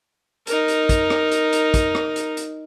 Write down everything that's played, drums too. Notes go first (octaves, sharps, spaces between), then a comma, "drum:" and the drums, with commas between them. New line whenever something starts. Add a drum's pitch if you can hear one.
D#4 A#4, drum: hi-hat
drum: hi-hat
drum: kick, hi-hat
drum: rim click
drum: hi-hat
drum: hi-hat
drum: kick, hi-hat
drum: rim click
drum: hi-hat
drum: hi-hat